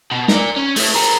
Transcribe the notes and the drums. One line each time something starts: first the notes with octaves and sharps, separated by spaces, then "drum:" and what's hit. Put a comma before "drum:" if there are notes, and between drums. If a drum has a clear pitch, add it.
B2
A#4 D5, drum: snare
C#4
A3 E4, drum: open hi-hat
G#4 A#4